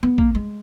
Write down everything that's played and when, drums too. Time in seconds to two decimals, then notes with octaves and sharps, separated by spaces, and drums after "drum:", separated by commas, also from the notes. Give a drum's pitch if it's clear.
0.03 B3
0.18 A#3, drum: kick A#1
0.35 G#3